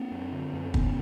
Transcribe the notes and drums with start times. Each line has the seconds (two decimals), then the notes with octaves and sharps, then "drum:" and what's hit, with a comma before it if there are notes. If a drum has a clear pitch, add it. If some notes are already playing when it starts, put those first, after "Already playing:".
Already playing: A#3 C4
0.11 F#2
0.32 D3
0.53 F#2
0.74 D3 B3 C#4, drum: kick